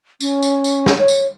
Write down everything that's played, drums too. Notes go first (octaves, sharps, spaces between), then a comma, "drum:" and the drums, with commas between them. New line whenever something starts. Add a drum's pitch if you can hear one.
C#4, drum: tambourine
drum: tambourine
drum: tambourine
drum: snare
C#5
drum: tambourine